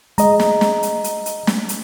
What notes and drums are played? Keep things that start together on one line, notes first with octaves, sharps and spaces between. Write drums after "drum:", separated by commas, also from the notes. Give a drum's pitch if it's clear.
G#3 D#5 A#5, drum: hi-hat
drum: snare
drum: snare
drum: hi-hat
drum: hi-hat
drum: hi-hat
drum: snare
drum: hi-hat